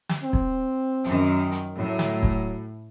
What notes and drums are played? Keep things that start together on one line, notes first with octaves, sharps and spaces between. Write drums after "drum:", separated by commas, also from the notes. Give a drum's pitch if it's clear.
drum: snare
C4
drum: kick
F#2 D#3, drum: hi-hat
drum: hi-hat
A2 F#3
drum: snare
drum: kick